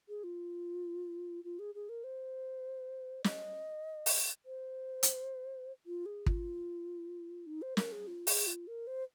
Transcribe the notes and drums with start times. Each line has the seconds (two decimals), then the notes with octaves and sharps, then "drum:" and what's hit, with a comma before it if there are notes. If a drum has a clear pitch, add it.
0.09 G#4
0.24 F4
1.44 F4
1.59 G#4
1.75 G#4
1.89 A#4
2.04 C5
3.24 D#5, drum: snare
4.06 drum: open hi-hat
4.46 C5
5.03 drum: hi-hat
5.86 F4
6.06 G#4
6.26 F4, drum: kick
7.46 D#4
7.62 C5
7.77 A#4, drum: snare
7.92 G#4
8.07 F4
8.27 G#4, drum: open hi-hat
8.47 F4
8.67 A#4
8.87 C5